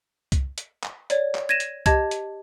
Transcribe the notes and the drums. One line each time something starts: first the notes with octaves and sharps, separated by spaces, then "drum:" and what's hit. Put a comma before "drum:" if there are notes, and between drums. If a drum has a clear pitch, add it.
drum: kick C2, hi-hat
drum: hi-hat
drum: clap
C#5 D5, drum: hi-hat
drum: clap
G#6 A#6 D#7 E7
drum: hi-hat
G4 D#5 A5 G#6, drum: kick C2, hi-hat
drum: hi-hat